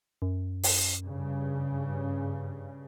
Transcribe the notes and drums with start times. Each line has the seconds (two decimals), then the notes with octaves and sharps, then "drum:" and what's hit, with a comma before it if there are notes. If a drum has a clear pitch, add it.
0.22 F#2
0.63 drum: open hi-hat
1.02 G2 C#3